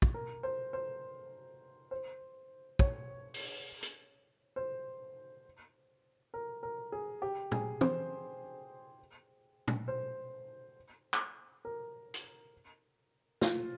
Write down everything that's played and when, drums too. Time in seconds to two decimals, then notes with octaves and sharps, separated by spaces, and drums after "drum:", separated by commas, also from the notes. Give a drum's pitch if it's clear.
0.02 drum: kick
0.14 A#4
0.43 C5
0.73 C5
1.91 C5
2.79 C#5, drum: kick
3.34 drum: open hi-hat
3.83 drum: hi-hat
4.56 C5
6.34 A#4
6.63 A#4
6.92 G#4
7.22 G4
7.52 G#4, drum: tom A#2
7.81 C5, drum: tom
9.68 drum: tom A#2
9.88 C5
11.14 drum: clap
11.65 A#4
12.14 drum: hi-hat
13.41 F4, drum: snare